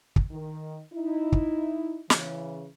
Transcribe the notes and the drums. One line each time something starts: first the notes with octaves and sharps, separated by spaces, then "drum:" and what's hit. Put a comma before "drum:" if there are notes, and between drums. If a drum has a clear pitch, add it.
drum: kick
D#3
D#4 E4
drum: kick
C#3 E3, drum: snare